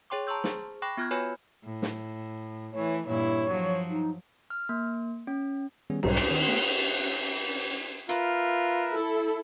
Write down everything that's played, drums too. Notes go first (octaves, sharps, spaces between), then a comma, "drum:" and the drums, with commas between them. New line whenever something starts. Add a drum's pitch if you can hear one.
G#4 C#5 G5 C6 D6
A5 A#5 C6 C#6 E6 G6
G#4 C5, drum: snare
G5 B5 C#6 D6 F#6 A#6
B3 F4 F6 F#6 G#6
F#4 B4 C#5 G#5 B5 G6
A2
drum: snare
E3 A3 C#5
G2 A#2 E4 C#5
F3 F#3
D#4
F6
A#3
C#4
D#3 G3 B3 C#4 G#4
B1 G#2 F#3 G3 A#5, drum: cymbal
D4, drum: rim click
D#3 C4
A3 B3 F5
F4 A#4 B4 E5, drum: hi-hat
E4 A4